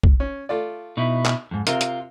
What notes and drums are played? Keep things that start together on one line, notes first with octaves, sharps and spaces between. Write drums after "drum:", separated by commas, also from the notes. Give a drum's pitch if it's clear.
drum: kick
C#4
A3 F4 D5
B2 D#4 E4
drum: clap
F2 G#2
C3 F4 A#4, drum: hi-hat
drum: hi-hat